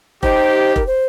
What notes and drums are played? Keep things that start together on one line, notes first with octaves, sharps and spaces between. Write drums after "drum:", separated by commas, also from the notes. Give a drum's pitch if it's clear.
D#4 G4 C5, drum: kick F1
A#4, drum: kick F1
C5